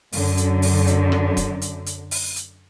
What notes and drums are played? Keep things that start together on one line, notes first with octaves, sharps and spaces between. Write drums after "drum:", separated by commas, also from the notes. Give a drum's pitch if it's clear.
F#2 D3, drum: open hi-hat
drum: hi-hat
drum: open hi-hat
drum: hi-hat
drum: rim click
drum: kick F1, hi-hat
drum: hi-hat
drum: hi-hat
drum: open hi-hat
drum: hi-hat